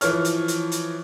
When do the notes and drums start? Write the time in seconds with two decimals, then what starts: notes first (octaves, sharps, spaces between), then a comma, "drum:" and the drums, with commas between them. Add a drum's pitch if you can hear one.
0.01 E3 F3 C#5 F6, drum: hi-hat
0.25 drum: hi-hat
0.48 drum: hi-hat
0.72 drum: hi-hat